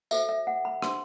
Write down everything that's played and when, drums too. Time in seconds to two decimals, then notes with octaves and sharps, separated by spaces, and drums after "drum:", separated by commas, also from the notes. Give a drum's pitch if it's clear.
0.11 F#4 A4 C5 E5, drum: tambourine
0.29 E5
0.47 F#5
0.65 B5
0.82 D4 G4 C5 C6, drum: rim click